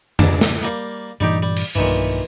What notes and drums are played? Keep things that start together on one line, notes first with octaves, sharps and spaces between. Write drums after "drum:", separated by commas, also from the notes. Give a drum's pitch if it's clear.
C#2 D4, drum: tom F2
drum: snare
G3 A#3
G2 A#2 E3 G3 D#4 G4
G3
drum: cymbal
B1 G2 A#2 D#3 E3